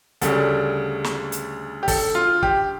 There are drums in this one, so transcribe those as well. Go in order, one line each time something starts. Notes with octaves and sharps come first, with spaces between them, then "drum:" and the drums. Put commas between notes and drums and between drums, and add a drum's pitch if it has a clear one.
D2 C#3 G3 A4, drum: hi-hat
drum: snare
drum: hi-hat
G4
A4, drum: kick, open hi-hat
F4
G4, drum: kick